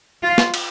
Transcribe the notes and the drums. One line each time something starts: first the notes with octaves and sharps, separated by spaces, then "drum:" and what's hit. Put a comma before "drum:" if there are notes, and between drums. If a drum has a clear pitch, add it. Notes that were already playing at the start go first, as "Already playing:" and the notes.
F4
drum: snare
drum: cymbal